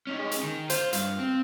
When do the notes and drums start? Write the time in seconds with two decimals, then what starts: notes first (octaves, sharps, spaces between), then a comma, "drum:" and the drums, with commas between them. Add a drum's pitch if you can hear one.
0.07 C#4 D#4
0.19 G#3
0.32 drum: hi-hat
0.43 D#3
0.70 F4 C5, drum: hi-hat
0.93 G2 F5, drum: hi-hat
1.19 C4